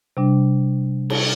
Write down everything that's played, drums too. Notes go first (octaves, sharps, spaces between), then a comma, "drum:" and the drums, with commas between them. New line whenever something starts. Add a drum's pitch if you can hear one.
C3 G3 D4
drum: cymbal